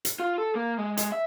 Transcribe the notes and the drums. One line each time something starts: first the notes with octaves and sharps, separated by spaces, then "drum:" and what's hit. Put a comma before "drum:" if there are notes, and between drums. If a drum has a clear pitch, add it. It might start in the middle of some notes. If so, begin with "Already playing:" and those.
drum: hi-hat
F4
A4
A#3
G#3
G#3, drum: hi-hat
E5